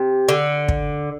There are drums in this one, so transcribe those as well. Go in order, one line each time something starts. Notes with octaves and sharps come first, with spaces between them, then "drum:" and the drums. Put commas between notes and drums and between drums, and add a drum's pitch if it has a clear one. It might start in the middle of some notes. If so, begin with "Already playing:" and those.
Already playing: C3
D3
drum: kick